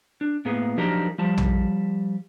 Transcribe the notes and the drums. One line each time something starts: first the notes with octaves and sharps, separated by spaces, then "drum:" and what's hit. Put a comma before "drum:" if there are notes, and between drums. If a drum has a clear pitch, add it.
D4
A2 A#3 B3 G#4
F3 F#3 D4 D#4 G4 A#4
F3 G3 A5
drum: tom A#1